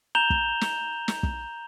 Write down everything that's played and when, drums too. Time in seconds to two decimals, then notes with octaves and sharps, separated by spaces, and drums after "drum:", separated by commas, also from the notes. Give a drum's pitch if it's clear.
0.15 A#5 G6 E7 F7 G7
0.30 drum: kick
0.61 drum: snare
1.08 drum: snare
1.23 drum: kick